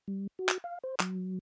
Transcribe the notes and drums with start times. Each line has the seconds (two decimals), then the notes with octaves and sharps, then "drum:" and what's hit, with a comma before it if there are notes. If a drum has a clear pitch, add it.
0.08 G3
0.39 F#4
0.49 drum: clap
0.64 F5
0.84 C5
1.00 F#3, drum: clap